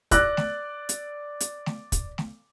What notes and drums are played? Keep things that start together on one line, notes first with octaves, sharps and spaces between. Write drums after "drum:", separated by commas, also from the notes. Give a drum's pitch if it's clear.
D5 E6 F#6 A#6, drum: kick, hi-hat
drum: snare A3
drum: hi-hat
drum: hi-hat
drum: snare A3
drum: kick, hi-hat
drum: snare A3